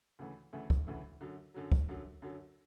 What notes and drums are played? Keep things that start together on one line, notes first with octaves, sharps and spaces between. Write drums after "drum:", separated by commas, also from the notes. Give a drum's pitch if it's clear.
D2 C#3 E3 A3
D2 C#3 E3 A3
drum: kick
D2 C#3 E3 A3
F#2 D3 F#3
F#2 D3 F#3
drum: kick
F#2 D3 F#3
F#2 D3 F#3